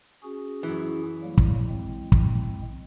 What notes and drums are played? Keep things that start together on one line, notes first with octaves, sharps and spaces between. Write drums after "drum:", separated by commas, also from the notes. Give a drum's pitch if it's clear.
C#4 F#4 G#4
F#2 E3
F#3 G3 A#3
drum: kick
A2 G#3 C4
drum: kick